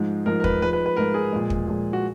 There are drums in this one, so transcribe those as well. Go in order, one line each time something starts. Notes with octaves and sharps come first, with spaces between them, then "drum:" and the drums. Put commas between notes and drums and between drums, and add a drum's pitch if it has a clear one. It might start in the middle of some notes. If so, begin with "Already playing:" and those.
Already playing: G#2 F3 G#3
G#2 F3 G#3 A#4
A#4
B4, drum: kick
G#2 F3 G#3 B4
B4
B4
G#2 F3 G#3 A#4
G#4
A#2 F3 G#3
drum: kick
A#2 F3 G#3
F#4